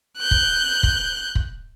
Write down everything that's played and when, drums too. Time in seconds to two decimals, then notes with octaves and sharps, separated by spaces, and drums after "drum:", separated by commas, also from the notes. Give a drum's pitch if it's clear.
0.18 F#6 G6
0.31 drum: kick
0.83 drum: kick
1.35 drum: kick